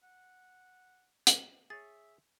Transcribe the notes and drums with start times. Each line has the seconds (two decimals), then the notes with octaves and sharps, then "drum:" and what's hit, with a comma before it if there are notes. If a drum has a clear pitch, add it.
0.04 F#5
1.27 drum: hi-hat
1.70 G#4 C#5 E5 A6